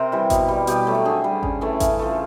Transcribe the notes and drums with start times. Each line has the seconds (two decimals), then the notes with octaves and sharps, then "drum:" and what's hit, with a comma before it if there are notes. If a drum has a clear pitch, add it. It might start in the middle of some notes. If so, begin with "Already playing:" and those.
Already playing: C3 A#4 C5
0.12 E3 G3
0.30 B2, drum: kick G#1, hi-hat
0.48 G3
0.67 B2 G4, drum: hi-hat
0.87 F#3 A3
0.95 A4
1.05 D3 G#4
1.24 G3
1.43 C#3, drum: kick G#1
1.61 E3 A3
1.80 C#3, drum: kick G#1, hi-hat
1.99 F3 A3